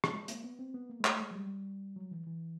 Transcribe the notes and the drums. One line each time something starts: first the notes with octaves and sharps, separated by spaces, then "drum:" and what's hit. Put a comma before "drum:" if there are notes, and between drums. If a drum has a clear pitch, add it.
drum: rim click
G#3
A#3, drum: hi-hat
B3
C4
B3
A#3
G#3
A3, drum: clap
G#3
F#3
G3
F#3
E3
E3